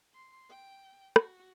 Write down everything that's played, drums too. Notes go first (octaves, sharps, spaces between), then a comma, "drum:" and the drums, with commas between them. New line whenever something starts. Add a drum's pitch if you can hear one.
C6
G5
F#4, drum: rim click